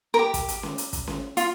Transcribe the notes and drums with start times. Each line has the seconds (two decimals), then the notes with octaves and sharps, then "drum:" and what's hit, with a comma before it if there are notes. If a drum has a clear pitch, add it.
0.14 A#4
0.19 G4
0.34 drum: kick, hi-hat
0.48 drum: hi-hat
0.63 drum: snare C#4
0.78 drum: hi-hat
0.93 drum: kick, hi-hat
1.07 drum: snare C#4
1.37 F4, drum: hi-hat